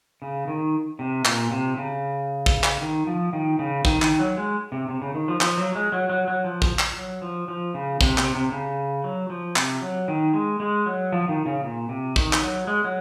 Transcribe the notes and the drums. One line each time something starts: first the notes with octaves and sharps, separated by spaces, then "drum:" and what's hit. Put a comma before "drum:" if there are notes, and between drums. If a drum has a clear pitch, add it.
C#3
D#3
C3
A#2, drum: clap
C3
C#3
drum: kick
drum: clap
D#3
F3
D#3
C#3
D#3, drum: kick
D#3, drum: clap
F#3
G#3
C3
C3
C#3
D#3
F3
F3, drum: clap
F#3
G#3
F#3
F#3
F#3
F3
drum: kick
drum: clap
F#3
F3
F3
C#3
C3, drum: kick
C3, drum: clap
C3
C#3
F#3
F3
C3, drum: clap
F#3
D#3
G#3
G#3
F#3
F3
D#3
C#3
A#2
C3
D#3, drum: kick
drum: clap
F#3
G#3
F#3